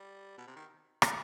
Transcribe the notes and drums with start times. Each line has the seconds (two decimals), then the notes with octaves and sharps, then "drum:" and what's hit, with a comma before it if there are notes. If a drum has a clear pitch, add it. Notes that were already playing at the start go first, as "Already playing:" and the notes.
Already playing: G3
0.38 B2
0.47 C3
0.56 D#3
1.02 drum: rim click